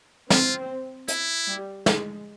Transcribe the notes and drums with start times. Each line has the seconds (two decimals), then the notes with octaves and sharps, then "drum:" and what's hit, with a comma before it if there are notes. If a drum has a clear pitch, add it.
0.30 C4 F4, drum: snare
1.08 E4, drum: hi-hat
1.47 G3
1.86 G#3, drum: snare